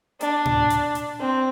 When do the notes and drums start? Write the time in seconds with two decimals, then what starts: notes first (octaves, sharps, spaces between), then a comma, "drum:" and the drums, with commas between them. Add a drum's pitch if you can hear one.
0.21 D4, drum: hi-hat
0.46 drum: tom A2
0.70 drum: hi-hat
0.95 drum: hi-hat
1.20 C4